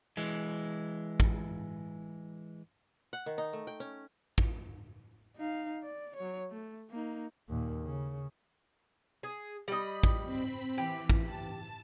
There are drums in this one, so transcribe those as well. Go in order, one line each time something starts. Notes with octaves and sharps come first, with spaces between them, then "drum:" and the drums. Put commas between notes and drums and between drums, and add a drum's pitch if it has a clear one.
E3 G#3
drum: kick
F#5
D#3
D#4
A3
G5
C#4
drum: kick
D#4 F5
D5
F#3 C#5
A3
A#3 D#4
D#2 A#2
C#3
G#4
G3 D#5 B5
drum: kick
C4 B5
E3 G4
drum: kick
A5